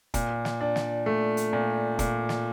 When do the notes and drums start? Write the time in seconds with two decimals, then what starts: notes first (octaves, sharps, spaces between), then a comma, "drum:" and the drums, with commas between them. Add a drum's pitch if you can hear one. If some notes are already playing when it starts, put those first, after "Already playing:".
0.14 A#2, drum: kick, hi-hat
0.45 drum: snare
0.61 D4
0.76 drum: snare
1.06 A3
1.37 drum: hi-hat
1.53 A#2
1.99 A#2, drum: kick, hi-hat
2.29 drum: snare